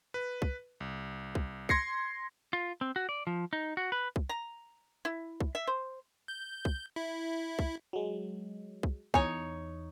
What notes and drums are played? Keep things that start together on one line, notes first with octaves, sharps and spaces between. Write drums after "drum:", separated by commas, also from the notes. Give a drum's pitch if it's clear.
B4
drum: kick
C2
drum: kick
C6 G#6 A#6 C7 C#7, drum: kick
F4
C4
F#4
D5
F3
D#4
F#4
B4
drum: kick
A#5
E4
drum: kick
E5
C5
G6
drum: kick
E4
drum: kick
F#3 G#3
drum: kick
E2 D#4 C#5 G#5, drum: kick